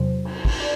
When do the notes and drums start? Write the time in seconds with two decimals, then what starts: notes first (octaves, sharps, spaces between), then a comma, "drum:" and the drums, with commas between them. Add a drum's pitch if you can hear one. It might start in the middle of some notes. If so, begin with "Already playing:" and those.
Already playing: E2 C3 F#3 C5
0.25 drum: cymbal
0.45 drum: kick, cymbal
0.60 D5